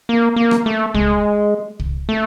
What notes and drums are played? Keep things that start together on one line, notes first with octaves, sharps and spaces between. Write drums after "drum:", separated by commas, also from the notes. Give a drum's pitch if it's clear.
A#3
A#3
drum: rim click
A3
G#3, drum: kick
drum: kick
A3